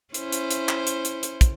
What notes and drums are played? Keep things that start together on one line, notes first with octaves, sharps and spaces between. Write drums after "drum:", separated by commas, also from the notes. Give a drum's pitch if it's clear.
C#4 E4 C5, drum: hi-hat
drum: hi-hat
drum: hi-hat
drum: clap
drum: hi-hat
drum: hi-hat
drum: hi-hat
drum: kick, hi-hat